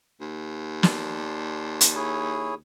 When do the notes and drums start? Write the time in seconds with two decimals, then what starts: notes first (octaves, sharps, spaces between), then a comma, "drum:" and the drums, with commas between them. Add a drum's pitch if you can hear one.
0.21 D#2
0.83 D5 A5 C6, drum: snare
1.81 drum: hi-hat
1.95 E4 G#4 C#5